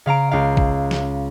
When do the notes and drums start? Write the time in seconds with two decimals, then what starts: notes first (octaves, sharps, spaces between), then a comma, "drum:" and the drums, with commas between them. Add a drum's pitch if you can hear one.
0.06 C#3 F5 A#5 D7
0.31 C#2 F5
0.57 drum: kick
0.91 drum: snare